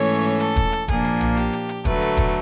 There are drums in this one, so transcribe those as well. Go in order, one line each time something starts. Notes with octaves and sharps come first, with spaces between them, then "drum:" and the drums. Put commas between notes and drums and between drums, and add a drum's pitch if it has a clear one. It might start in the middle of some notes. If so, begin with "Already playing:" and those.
Already playing: G#2 E3 A3 C#4 C#5
A4, drum: hi-hat
drum: kick, hi-hat
drum: hi-hat
A#2 F3 A#3 D4 G#4, drum: kick, hi-hat
drum: hi-hat
drum: tom B1
G4, drum: hi-hat
drum: hi-hat
drum: hi-hat
D3 F#3 A3 B4, drum: kick, hi-hat
drum: hi-hat
drum: kick, hi-hat